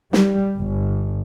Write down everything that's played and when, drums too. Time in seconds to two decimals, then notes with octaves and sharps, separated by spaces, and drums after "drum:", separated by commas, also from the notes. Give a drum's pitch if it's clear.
0.13 G3, drum: snare
0.58 G1